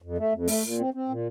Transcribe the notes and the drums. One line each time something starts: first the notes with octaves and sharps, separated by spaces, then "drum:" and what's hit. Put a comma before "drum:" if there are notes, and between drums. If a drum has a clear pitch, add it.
F2
A3
F2
A3, drum: open hi-hat
A#2
C4
C4
A#2